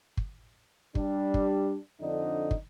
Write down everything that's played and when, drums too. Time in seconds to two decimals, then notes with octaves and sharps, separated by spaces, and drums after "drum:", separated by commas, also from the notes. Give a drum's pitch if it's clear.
0.17 drum: kick
0.95 G3 D4, drum: kick
1.34 drum: kick
2.01 F2 D3 D4 D#4
2.51 drum: kick